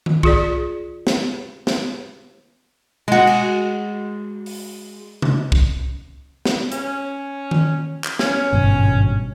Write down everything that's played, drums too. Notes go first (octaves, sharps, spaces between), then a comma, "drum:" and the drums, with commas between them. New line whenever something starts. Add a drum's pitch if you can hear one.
drum: tom D#3
F4 G#4 D5, drum: kick C2
drum: snare
drum: snare
G#3 F#4
drum: cymbal
drum: open hi-hat
drum: tom C3
drum: kick C2
drum: snare
C#4, drum: hi-hat
drum: tom D#3
drum: clap
C#4, drum: snare
G#1 G2 B2